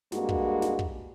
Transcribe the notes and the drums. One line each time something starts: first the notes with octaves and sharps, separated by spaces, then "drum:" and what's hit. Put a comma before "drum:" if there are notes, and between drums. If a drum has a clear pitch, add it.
G2 G#3 A#3 F#4, drum: snare
drum: kick
drum: snare
drum: kick